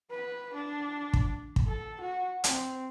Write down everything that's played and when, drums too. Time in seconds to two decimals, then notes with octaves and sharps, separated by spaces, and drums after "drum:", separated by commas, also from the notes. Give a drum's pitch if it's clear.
0.11 B4
0.54 D4
1.13 drum: kick
1.56 drum: kick
1.67 A4
2.01 F#4
2.44 C4, drum: hi-hat